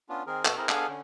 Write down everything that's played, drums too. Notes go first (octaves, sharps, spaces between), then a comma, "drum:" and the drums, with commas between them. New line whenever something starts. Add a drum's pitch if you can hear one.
B3 C#4 D4 F4
D#3 C4 G#4 A#4
B2 F#4 A4, drum: clap
C4 E4 G#4 A#4 A#5
B3 D4 G#4 A4 F5 G#5, drum: clap
D3 C#4